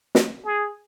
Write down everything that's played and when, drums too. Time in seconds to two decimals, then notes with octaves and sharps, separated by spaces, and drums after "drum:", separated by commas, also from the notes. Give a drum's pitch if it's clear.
0.15 drum: snare
0.45 G#4